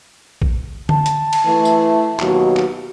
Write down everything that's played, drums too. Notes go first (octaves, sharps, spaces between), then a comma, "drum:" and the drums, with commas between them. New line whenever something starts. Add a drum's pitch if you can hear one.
drum: kick A#1
A5, drum: tom D3
drum: hi-hat
drum: cymbal
E3 A3 E4
drum: tambourine
D#2 B2 F#3, drum: clap
drum: clap